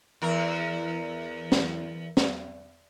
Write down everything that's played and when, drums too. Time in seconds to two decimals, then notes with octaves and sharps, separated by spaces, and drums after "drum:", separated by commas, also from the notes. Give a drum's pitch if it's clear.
0.22 E2 A#4
1.52 drum: snare
2.17 drum: snare